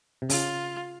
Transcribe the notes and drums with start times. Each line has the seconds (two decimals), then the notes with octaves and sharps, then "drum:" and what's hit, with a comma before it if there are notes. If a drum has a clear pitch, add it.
0.22 C3
0.30 C#3 F4, drum: open hi-hat